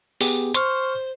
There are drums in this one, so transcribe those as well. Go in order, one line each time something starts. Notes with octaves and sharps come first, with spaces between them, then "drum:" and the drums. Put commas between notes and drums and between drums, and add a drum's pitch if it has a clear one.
B3 G4 G#4, drum: open hi-hat
C5 C6 C#6 F6, drum: hi-hat